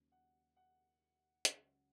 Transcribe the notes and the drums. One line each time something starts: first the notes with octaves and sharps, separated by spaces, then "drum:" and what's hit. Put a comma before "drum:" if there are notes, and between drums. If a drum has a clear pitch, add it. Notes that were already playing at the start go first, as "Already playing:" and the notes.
Already playing: D#2 C#3 F#3 C#4
F#5
F#5
C#2 C#3 F#3 C#4, drum: hi-hat